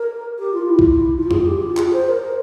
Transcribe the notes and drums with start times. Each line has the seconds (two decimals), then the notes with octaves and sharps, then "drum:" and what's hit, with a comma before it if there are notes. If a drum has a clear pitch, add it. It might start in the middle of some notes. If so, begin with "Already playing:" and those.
Already playing: A#4
0.39 G4
0.53 F4
0.69 E4
0.79 drum: kick A#1
1.16 F4
1.31 G#4, drum: tom F2
1.46 G4
1.62 F4
1.77 G#4, drum: clap
1.93 C5
2.08 A#4